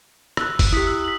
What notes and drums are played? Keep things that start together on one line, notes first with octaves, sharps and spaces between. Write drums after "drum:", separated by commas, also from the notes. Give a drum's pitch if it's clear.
E6 F#6, drum: rim click
drum: kick, open hi-hat
E4 G4 D#6 B6
E6
B6 F#7